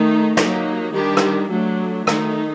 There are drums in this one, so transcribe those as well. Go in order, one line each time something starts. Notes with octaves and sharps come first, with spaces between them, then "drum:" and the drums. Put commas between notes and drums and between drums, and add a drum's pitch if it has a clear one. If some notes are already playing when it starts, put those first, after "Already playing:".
Already playing: D#3 A3 D#4
F#3 A#3 D#4 G4, drum: snare
D#3 G3 D4 G4
drum: rim click
F#3 A3 D4
D#3 A3 D#4 F#4 A4, drum: rim click